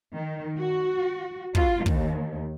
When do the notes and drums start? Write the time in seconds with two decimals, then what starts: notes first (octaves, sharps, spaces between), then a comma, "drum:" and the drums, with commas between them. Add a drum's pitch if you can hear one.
0.15 D#3
0.59 F#4
1.55 F4, drum: kick
1.86 D#2, drum: kick